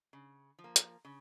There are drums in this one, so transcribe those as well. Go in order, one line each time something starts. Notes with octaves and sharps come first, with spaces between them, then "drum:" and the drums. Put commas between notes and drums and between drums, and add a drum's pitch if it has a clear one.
C#3
F3
A#3
drum: hi-hat
C#3